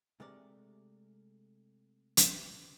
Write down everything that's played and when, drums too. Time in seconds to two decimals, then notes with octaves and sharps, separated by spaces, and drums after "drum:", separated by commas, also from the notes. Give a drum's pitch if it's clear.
0.20 C3 G#3 A3 A#4 D5
2.17 drum: hi-hat